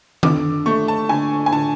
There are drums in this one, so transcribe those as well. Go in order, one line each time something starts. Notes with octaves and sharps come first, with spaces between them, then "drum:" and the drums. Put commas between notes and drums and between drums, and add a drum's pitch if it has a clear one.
D3 D6, drum: tom D#3
A3 C#6
A5
D3 G#5
G#5
D3 A5